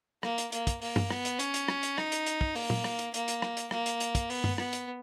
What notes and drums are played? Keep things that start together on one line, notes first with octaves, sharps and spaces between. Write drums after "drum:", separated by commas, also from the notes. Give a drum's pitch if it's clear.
A#3, drum: rim click
drum: hi-hat
A#3, drum: hi-hat
drum: kick, hi-hat
A#3, drum: open hi-hat
drum: tom
B3, drum: rim click
drum: hi-hat
C#4, drum: hi-hat
drum: hi-hat
drum: rim click
drum: hi-hat
D#4, drum: rim click
drum: hi-hat
drum: hi-hat
drum: kick
A#3, drum: open hi-hat
drum: tom
drum: rim click
drum: hi-hat
A#3, drum: hi-hat
drum: hi-hat
drum: rim click
drum: hi-hat
A#3, drum: rim click
drum: hi-hat
drum: hi-hat
drum: kick, hi-hat
B3, drum: open hi-hat
drum: tom
B3, drum: rim click
drum: hi-hat